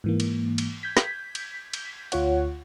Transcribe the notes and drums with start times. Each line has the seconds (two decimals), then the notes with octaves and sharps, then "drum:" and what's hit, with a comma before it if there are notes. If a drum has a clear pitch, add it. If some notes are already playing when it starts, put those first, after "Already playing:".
0.04 G#2 E3 A#3
0.20 drum: cymbal
0.58 drum: cymbal
0.83 G6 G#6 B6
0.97 drum: snare
1.35 drum: cymbal
1.73 drum: cymbal
2.12 D2 F4 C#5 F#5, drum: cymbal